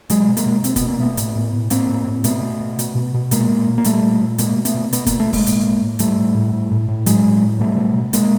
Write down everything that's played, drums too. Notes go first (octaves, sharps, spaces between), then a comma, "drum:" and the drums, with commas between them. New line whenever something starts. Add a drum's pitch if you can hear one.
B2 F#3 G#3, drum: hi-hat
B2
G#3 A#3, drum: hi-hat
B2
B2 C4, drum: hi-hat
B3, drum: kick, hi-hat
B2
A#3
B2 A3 B3
A2, drum: hi-hat
A2
A2
A2 A#3 C4, drum: hi-hat
A2
A2
B2 A3 B3, drum: hi-hat
B2
B2
B2, drum: hi-hat
B2
B2
A#2 G#3 A#3, drum: hi-hat
A#2
A#2
A#3
A#2 G3 A3, drum: hi-hat
A#2
A#2
B2 G#3 A#3, drum: hi-hat
B2
A3 B3, drum: hi-hat
B2
B2 B3, drum: hi-hat
B2 A#3, drum: kick, hi-hat
A3
B2
G#3 A#3, drum: kick, open hi-hat
A2, drum: hi-hat
A2
A2
A2 G3 A3, drum: hi-hat
A2
A2
A2
A2
A2
A2 F#3 G#3, drum: hi-hat
A2
A2
B2 G3 A3
B2
B2
B2 G#3 A#3, drum: hi-hat